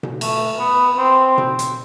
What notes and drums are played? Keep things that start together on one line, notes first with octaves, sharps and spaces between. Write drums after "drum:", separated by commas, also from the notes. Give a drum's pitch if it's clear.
drum: tom B2
A3, drum: cymbal
B3
C4
drum: tom B2
drum: hi-hat